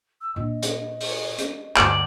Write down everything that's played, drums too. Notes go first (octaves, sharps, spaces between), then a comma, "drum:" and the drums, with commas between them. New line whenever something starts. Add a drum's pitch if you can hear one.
E6
A#2 D4 D#5
drum: hi-hat
drum: open hi-hat
drum: hi-hat
D2 G2 D5, drum: clap